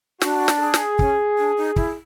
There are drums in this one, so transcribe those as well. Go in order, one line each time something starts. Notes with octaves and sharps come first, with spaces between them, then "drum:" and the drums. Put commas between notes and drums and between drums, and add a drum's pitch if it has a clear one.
D4 F#4, drum: snare
drum: snare
G#4
drum: snare
C#4, drum: kick
D4
D#4
E4, drum: kick